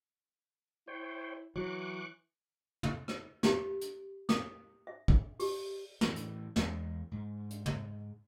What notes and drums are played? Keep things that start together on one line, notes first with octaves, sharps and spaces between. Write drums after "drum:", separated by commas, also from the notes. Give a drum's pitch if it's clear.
E4 C5 C#5 G5
E3 F#3 C#6 D6 F#6
drum: tom
drum: rim click
G4, drum: snare
drum: hi-hat
D#6, drum: snare
E5
drum: kick
G4, drum: open hi-hat
A2 E3, drum: snare
drum: hi-hat
E2 G#3, drum: snare
G#2
drum: hi-hat
drum: tom